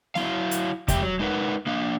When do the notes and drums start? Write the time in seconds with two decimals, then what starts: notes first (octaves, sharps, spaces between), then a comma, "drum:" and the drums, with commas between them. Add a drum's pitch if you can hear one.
0.15 F#3 E4 F5, drum: snare
0.51 drum: hi-hat
0.88 C#3 G#3 G4 E5 G5, drum: kick E2, hi-hat
1.02 F#3
1.19 G#3 D#4 A#4 B4 F#5
1.67 A#3 D4 F5